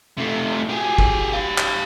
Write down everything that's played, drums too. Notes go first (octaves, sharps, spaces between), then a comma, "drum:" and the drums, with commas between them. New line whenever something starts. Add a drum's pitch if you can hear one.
C3 A3
G4 G#4
drum: kick G1
G4 F5
drum: clap